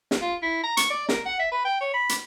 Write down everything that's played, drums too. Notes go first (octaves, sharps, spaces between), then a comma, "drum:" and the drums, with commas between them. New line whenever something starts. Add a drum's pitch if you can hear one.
drum: snare
F4
E4
A#5
C#6, drum: hi-hat
D5
A#4, drum: snare
F#5
E5
B4
G5
C#5
B5
drum: hi-hat